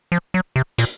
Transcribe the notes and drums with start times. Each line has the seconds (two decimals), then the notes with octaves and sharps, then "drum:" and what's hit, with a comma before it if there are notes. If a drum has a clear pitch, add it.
0.12 F3
0.34 F#3
0.56 C3
0.78 A#2, drum: hi-hat